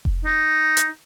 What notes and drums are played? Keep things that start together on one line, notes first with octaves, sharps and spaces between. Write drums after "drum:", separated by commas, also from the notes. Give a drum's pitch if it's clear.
drum: kick F1
D#4
drum: hi-hat